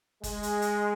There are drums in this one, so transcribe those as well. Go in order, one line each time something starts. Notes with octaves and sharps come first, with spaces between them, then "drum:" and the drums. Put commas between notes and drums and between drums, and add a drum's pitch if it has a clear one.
G#3, drum: kick F#1, hi-hat
drum: hi-hat
drum: hi-hat